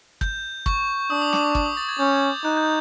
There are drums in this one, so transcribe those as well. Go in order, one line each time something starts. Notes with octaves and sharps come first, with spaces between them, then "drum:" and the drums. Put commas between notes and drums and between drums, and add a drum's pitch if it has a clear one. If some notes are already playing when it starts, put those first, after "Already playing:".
G6, drum: kick
C#6, drum: kick
D4 D#6
D6
D6, drum: snare
C#6
D6, drum: kick
D#6
A6
G#6
C#4 G6
D#4 F#6
G6